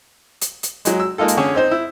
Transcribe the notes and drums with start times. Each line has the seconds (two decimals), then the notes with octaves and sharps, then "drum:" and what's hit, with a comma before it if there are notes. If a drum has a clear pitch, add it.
0.41 drum: hi-hat
0.63 drum: hi-hat
0.85 F#3 G#3, drum: hi-hat
1.00 E6
1.18 G#3 A#3 D#4 F4 A4
1.28 drum: hi-hat
1.37 D3 C#4 G#4 G#5
1.55 C4 D#4 C5
1.71 E4